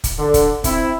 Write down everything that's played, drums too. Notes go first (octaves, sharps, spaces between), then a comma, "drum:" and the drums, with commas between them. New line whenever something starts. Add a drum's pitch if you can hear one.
drum: kick, hi-hat
D3
drum: kick, hi-hat
C4 E4, drum: kick, hi-hat